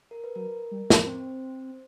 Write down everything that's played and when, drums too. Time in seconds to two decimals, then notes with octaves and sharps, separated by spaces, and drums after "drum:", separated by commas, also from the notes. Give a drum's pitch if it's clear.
0.11 A#4
0.24 B4
0.35 F#3 A#4
0.71 G3
0.90 drum: snare
1.06 C4 C5